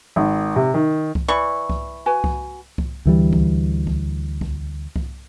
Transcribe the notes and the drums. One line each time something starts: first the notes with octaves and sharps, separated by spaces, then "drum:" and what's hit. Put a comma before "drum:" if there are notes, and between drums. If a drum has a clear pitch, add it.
G#1
C3
D#3
drum: kick C2
E3 D5 B5 C#6
drum: kick C2
F#4 B4 G#5
drum: kick C2
drum: kick C2
D2 E3 G3
drum: kick C2
drum: kick C2
drum: kick C2
drum: kick C2